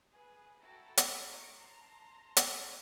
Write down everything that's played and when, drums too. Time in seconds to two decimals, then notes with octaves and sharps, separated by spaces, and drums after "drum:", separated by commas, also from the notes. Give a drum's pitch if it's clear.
0.10 G#4 B4
0.61 E4 F#4 A4 G5 A#5 A6
0.97 drum: hi-hat
1.29 A#5 C#6 D6
1.58 A5 A#5 C6
2.37 drum: hi-hat